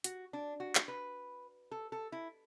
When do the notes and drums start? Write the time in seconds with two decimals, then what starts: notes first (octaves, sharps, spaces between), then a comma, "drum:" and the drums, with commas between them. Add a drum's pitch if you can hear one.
0.04 F#4, drum: hi-hat
0.33 D4
0.60 F#4
0.75 drum: clap
0.88 B4
1.71 A4
1.92 A4
2.12 E4